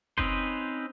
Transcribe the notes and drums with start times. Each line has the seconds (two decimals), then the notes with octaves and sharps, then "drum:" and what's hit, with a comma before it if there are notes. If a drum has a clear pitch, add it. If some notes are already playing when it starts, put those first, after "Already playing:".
0.18 C4 C#4 D#4 B4 C5, drum: kick F#1